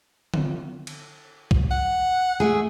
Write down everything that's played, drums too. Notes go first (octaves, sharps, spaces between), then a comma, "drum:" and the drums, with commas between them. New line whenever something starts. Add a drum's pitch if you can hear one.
drum: tom D3
drum: cymbal
drum: kick
F#5
A3 G#4